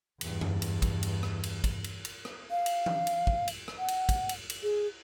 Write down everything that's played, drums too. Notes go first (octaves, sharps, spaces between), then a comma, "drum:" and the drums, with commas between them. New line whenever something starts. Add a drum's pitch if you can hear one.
E2 G2, drum: cymbal
drum: tom F#2
drum: cymbal
drum: kick, cymbal
drum: cymbal
drum: rim click
drum: cymbal
drum: kick, cymbal
drum: cymbal
drum: cymbal
drum: rim click
F5
drum: cymbal
drum: tom E3
drum: cymbal
drum: kick
drum: cymbal
drum: rim click
F#5
drum: cymbal
drum: kick, cymbal
drum: cymbal
drum: cymbal
G#4